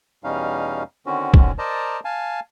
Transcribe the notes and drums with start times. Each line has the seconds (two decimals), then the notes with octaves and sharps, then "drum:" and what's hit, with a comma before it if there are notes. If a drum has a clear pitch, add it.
0.24 E2 B2 G3 C#4 D#4 F5
1.06 D3 D#3 C4 C#4 F#4
1.34 drum: kick
1.58 A#4 C5 D5 D#5 A5 A#5
2.05 F5 G#5 A5